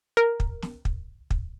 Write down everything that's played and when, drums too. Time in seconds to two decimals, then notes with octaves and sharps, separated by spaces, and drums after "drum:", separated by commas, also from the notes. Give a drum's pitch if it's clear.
0.17 A#4
0.40 drum: kick
0.62 drum: snare
0.85 drum: kick
1.31 drum: kick